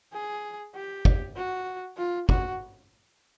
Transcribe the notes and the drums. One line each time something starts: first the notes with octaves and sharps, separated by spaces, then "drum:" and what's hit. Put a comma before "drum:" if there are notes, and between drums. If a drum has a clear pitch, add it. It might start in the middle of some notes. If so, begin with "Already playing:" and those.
G#4
G4
drum: kick
F#4
F4
F#4, drum: kick